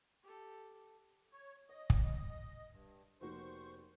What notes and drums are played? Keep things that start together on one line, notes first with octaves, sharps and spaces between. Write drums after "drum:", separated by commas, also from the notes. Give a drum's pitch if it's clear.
G4 A4
C#5
C#5 D#5
drum: kick
G2
F1 A#3 F#4 C5 C#6